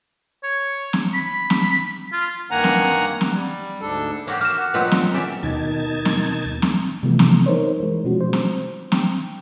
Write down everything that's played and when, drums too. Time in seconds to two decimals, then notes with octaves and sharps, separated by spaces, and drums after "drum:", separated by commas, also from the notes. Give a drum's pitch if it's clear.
0.43 C#5
0.93 drum: snare
1.14 B5
1.50 drum: snare
2.12 F4
2.51 G2 D#3 A#3 F#5 G#5 A#5
2.64 drum: snare
3.21 drum: snare
3.33 G3
3.81 D2 G#2 D4 A4
4.27 A#3 C#4 F#4 G4
4.41 A#3 F6 E7
4.58 F#5
4.74 A#2 F#3 B3 C4 D#4 B4
4.92 drum: snare
5.14 C#3 C#4 G4 D5 E5
5.43 D#2 B2 D#3 D#4 A5 G#6
6.05 drum: snare
6.62 drum: snare
7.03 C3 E3 F3 G3 A3 B3
7.19 drum: snare
7.46 D#4 A#4 C5 C#5
7.80 E3 G#3
8.05 B2 F3 G#3 C#4 F#4
8.20 C5
8.33 drum: snare
8.92 G5, drum: snare